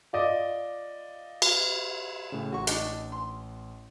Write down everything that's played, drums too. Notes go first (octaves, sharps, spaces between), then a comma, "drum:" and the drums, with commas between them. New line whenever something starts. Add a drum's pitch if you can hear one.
F4 D5 D#5
drum: cymbal
A2 C#3 E7
A1 F#4 C#6
D4 D#4, drum: hi-hat
C6